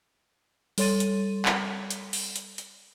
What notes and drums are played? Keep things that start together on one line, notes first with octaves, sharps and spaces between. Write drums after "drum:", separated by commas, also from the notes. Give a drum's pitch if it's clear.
G3 A4 C#5 C6 A6 D#7, drum: open hi-hat
drum: hi-hat
drum: clap
drum: hi-hat
drum: open hi-hat
drum: hi-hat
drum: hi-hat